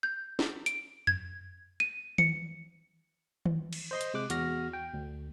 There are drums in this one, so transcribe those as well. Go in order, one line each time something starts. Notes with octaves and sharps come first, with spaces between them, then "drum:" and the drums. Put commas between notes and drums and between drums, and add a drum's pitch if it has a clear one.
G6
drum: snare
D7, drum: hi-hat
G#6, drum: tom F2
D#7
C#7, drum: tom D#3
drum: tom D#3
drum: cymbal
C5 D#5 C6
drum: hi-hat
C3 G#3 D6 F#6
E2 F#4 F6 A#6, drum: hi-hat
G5
D2